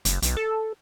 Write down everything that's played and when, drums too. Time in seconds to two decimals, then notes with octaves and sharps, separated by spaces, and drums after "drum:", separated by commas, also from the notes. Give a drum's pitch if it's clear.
0.05 F#1, drum: hi-hat
0.22 B1, drum: hi-hat
0.37 A4